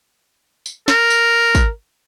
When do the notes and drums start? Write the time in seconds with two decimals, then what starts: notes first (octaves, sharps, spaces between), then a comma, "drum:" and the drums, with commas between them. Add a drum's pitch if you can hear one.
0.66 drum: tambourine
0.88 A#4, drum: snare
1.10 drum: tambourine
1.55 drum: kick, tambourine